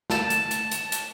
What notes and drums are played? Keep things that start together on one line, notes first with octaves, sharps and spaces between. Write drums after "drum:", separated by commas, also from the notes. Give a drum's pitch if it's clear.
A5, drum: snare
drum: hi-hat
drum: hi-hat
drum: hi-hat
drum: hi-hat